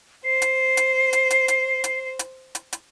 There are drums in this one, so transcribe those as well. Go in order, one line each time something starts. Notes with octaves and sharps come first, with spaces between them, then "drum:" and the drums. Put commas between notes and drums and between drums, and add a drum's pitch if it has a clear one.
C5 C7
drum: hi-hat
drum: hi-hat
drum: hi-hat
drum: hi-hat
drum: hi-hat
drum: hi-hat
drum: hi-hat
drum: hi-hat
drum: hi-hat